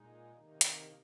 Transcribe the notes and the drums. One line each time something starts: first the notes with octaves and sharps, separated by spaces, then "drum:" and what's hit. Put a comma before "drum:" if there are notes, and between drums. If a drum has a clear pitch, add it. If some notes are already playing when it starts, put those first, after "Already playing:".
Already playing: A#2 G#3 D#4
C3 D#3 A#3 D#4
drum: hi-hat